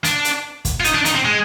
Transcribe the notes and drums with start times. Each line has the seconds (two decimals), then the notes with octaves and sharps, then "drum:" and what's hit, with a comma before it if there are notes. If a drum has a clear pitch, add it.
0.04 D4, drum: hi-hat
0.25 drum: hi-hat
0.65 drum: kick, hi-hat
0.80 F4
0.84 D#4, drum: hi-hat
0.95 D4
1.05 D#4, drum: hi-hat
1.15 C4
1.25 G#3